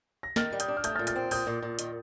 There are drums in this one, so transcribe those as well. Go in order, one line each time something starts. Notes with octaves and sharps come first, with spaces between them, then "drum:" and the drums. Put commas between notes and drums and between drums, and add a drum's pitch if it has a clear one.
A#6
D#3 F6 A6, drum: snare
G3
D#6 G6, drum: hi-hat
D4
F6
A3 D#6 G6, drum: hi-hat
F6 A6
A#2
F6 A6, drum: hi-hat
C4
A#2 D#6 G6, drum: open hi-hat
A#2
A#2
D#3, drum: hi-hat